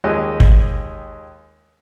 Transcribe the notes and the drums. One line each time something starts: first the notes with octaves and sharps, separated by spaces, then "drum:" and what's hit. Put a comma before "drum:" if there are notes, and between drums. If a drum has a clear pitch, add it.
D#2 F3 G#3 G4 D#5 F#6
drum: kick